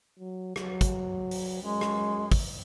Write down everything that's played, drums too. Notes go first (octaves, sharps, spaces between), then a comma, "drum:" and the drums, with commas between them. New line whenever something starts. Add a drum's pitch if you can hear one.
F#3
F#3, drum: rim click
drum: kick, hi-hat
drum: open hi-hat
F#2 G#3
drum: rim click
drum: kick, open hi-hat